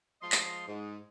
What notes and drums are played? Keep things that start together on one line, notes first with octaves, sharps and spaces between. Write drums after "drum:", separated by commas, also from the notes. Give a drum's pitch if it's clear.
F3 G#3 F4 D#5 C6
drum: clap
G#2